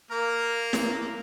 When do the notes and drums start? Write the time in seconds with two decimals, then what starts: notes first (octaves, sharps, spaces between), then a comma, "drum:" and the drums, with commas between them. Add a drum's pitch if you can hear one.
0.11 A#3 A#4
0.73 drum: snare